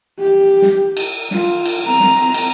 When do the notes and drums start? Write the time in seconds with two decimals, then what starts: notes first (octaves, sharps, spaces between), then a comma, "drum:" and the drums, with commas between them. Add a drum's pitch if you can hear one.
0.19 G4
0.62 drum: snare
0.97 drum: cymbal
1.31 F4, drum: snare
1.65 drum: cymbal
1.85 C4 A#5
2.00 drum: snare
2.34 drum: cymbal